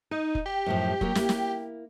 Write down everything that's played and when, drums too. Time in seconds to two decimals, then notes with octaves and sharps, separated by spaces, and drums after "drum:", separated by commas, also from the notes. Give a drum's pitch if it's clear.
0.11 D#4 D#5
0.35 drum: kick F1
0.46 G4
0.66 F#2 A2 F3
1.01 F#3 A#3 A#4, drum: kick F1
1.15 A#3 E4, drum: snare
1.29 drum: snare